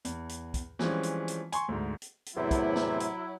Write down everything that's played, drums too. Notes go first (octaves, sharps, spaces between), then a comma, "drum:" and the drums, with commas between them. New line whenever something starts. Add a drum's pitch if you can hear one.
E2, drum: hi-hat
drum: hi-hat
drum: kick, hi-hat
E3 F3 G3 G#3 C4 C#4, drum: snare
drum: hi-hat
drum: hi-hat
G#5 C6 C#6, drum: hi-hat
D2 G#2
drum: hi-hat
drum: hi-hat
E2 A2 C3 F#3 E4
drum: kick, hi-hat
drum: snare
drum: hi-hat